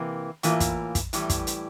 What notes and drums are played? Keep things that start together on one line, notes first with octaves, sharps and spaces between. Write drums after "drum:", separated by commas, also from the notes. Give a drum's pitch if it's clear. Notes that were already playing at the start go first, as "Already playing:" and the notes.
Already playing: C3 E3 A#3
A2 E3 A#3 F4, drum: hi-hat
drum: kick, hi-hat
drum: kick, hi-hat
A2 E3 G3, drum: hi-hat
drum: kick, hi-hat
drum: hi-hat